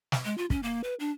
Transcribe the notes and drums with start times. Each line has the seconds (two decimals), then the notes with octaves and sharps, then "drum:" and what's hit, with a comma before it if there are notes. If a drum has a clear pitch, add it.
0.12 drum: snare
0.25 G#3
0.38 F4
0.50 C#4, drum: kick
0.63 A#3
0.84 B4
1.00 D4